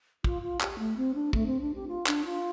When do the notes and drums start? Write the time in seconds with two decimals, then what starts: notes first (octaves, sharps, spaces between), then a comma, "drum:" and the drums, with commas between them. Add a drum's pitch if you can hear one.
0.24 F4, drum: kick
0.42 F4
0.61 G4, drum: clap
0.78 A3
0.96 C4
1.14 D4
1.33 A3, drum: kick
1.46 C4
1.61 D4
1.74 G4
1.88 F4
2.07 D4, drum: clap
2.25 F4